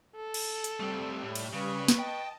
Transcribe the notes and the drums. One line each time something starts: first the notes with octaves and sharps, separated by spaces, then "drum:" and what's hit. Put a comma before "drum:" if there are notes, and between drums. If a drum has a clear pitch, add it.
A4
drum: cymbal
drum: hi-hat
G3 A3 C4
A2
drum: cymbal
C#3 B4 C#6
drum: snare
D#5 G5 A5